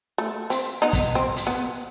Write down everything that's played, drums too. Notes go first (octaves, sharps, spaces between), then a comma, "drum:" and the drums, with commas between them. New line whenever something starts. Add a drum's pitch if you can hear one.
A3
C4, drum: hi-hat
B3 D#4
drum: kick, hi-hat
C4
drum: hi-hat
B3